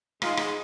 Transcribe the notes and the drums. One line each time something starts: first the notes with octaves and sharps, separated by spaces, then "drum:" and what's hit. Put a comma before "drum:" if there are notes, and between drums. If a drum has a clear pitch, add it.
G#2 G#3 F4, drum: rim click
drum: rim click